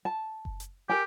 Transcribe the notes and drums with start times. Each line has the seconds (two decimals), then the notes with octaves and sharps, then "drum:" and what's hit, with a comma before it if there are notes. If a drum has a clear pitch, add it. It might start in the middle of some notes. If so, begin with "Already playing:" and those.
0.05 A5
0.45 drum: kick F#1
0.60 drum: hi-hat
0.89 G4 A#4 G#5